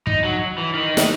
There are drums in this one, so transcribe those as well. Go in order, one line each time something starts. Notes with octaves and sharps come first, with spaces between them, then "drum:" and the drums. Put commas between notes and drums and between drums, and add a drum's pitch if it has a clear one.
D#4, drum: kick
F#3
E3
D#3
drum: snare